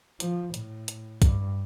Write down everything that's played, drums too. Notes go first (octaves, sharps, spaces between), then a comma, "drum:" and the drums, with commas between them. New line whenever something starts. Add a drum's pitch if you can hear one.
F3, drum: hi-hat
A2, drum: hi-hat
drum: hi-hat
G2, drum: kick, hi-hat